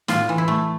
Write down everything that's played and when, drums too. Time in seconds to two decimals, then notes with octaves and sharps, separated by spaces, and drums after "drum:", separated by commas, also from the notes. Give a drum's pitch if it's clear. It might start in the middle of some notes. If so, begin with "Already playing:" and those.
0.08 A2 F4, drum: snare
0.29 E3
0.38 E4
0.48 A3